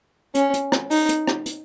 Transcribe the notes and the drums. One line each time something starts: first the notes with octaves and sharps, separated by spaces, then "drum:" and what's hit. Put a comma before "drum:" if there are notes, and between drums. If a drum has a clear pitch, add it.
C#4, drum: hi-hat
drum: hi-hat
drum: rim click
D#4, drum: open hi-hat
drum: hi-hat
drum: rim click
drum: hi-hat